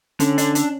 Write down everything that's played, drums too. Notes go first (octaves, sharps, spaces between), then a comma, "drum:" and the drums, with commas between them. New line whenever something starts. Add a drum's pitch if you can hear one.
D3 C#4, drum: hi-hat
D4, drum: hi-hat
D4, drum: hi-hat